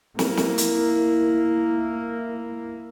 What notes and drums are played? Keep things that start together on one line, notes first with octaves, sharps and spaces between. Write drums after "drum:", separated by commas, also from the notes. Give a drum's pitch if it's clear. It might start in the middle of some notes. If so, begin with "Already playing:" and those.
A#3 E4, drum: snare
drum: snare
drum: hi-hat